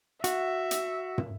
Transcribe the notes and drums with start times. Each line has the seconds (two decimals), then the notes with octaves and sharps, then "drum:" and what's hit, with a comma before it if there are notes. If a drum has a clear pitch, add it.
0.24 F#4 E5, drum: hi-hat
0.71 drum: hi-hat
1.18 drum: tom